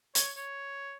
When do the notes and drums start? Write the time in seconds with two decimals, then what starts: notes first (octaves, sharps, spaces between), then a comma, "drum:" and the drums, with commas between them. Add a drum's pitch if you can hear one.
0.15 C#5, drum: hi-hat
0.37 C#5